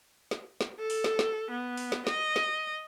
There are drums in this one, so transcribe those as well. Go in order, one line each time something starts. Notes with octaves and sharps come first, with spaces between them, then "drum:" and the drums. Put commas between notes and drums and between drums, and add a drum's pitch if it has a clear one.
drum: snare
drum: snare
A4
drum: open hi-hat
drum: snare
drum: snare
B3
drum: open hi-hat
drum: snare
D#5, drum: snare
drum: snare